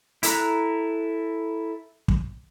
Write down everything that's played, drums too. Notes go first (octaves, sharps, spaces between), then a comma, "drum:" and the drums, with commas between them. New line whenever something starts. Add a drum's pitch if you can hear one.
E4 A4 A#5 F#6, drum: hi-hat
drum: kick